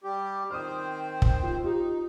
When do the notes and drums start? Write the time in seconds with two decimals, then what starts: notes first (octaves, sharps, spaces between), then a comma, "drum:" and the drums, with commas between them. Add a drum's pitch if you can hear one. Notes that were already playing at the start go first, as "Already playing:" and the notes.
0.04 G3 G4
0.51 D#3 C4 C5 D#6 F6
1.22 drum: kick
1.43 F4
1.64 D#4 F4 G4